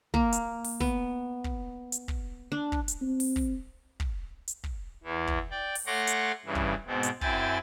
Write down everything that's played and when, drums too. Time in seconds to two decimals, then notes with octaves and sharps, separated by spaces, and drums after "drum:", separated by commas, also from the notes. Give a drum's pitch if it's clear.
0.14 A#3, drum: kick
0.32 drum: hi-hat
0.64 drum: open hi-hat
0.80 B3, drum: kick
1.44 drum: kick
1.92 drum: hi-hat
2.08 drum: kick
2.52 D4
2.72 drum: kick
2.88 drum: hi-hat
3.02 C4
3.20 drum: open hi-hat
3.36 drum: kick
4.00 drum: kick
4.48 drum: hi-hat
4.64 drum: kick
5.04 E2 E3
5.27 drum: kick
5.51 D5 G5
5.75 drum: open hi-hat
5.86 A3 C#5 F#5 C6 D6 A#6
6.07 drum: hi-hat
6.46 G2 C#3 E3
6.55 drum: kick
6.87 G#2 B2 B3 C4
7.03 drum: hi-hat
7.21 F#2 C4 E4 G5 G#5 A6, drum: kick